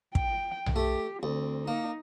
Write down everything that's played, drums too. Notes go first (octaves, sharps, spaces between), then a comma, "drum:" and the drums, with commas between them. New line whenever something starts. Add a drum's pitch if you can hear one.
G5, drum: kick
drum: tom B1
A3 G4
D2 C4
A#3 D#4